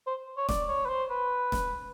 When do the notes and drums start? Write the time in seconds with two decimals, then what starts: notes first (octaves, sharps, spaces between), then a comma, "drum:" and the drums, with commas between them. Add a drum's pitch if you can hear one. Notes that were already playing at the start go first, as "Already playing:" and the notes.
0.07 C5
0.37 C#5
0.49 D5, drum: snare
0.69 C#5
0.86 B4
0.89 C5
1.10 B4
1.52 drum: snare